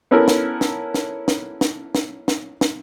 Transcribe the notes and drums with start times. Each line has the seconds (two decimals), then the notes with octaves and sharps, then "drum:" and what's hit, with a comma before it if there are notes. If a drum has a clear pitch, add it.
0.11 B3 C#4 E4 A4 A#4
0.28 drum: snare
0.61 drum: snare
0.94 drum: snare
1.28 drum: snare
1.61 drum: snare
1.95 drum: snare
2.28 drum: snare
2.61 drum: snare